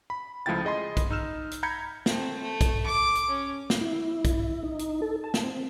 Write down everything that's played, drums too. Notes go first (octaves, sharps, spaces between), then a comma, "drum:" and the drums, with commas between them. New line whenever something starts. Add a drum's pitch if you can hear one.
B5
C#2 F3 A3 E4 G5 A6
G#4 D#5 B5 C6
drum: kick, hi-hat
D#4 E6 F6 E7
drum: hi-hat
A#5 B5 G6 G#6 C#7
A3 C4, drum: snare
A3
drum: kick, hi-hat
D6
drum: hi-hat
C#4
drum: snare
E4
drum: kick, hi-hat
D#4
drum: hi-hat
A4
A5
drum: snare
C4